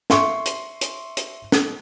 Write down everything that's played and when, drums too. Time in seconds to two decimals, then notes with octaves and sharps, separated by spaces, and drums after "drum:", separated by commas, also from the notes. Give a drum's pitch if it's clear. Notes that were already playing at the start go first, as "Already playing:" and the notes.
0.10 E5 C6 C#6, drum: snare
0.45 drum: hi-hat
0.81 drum: hi-hat
1.17 drum: hi-hat
1.52 drum: snare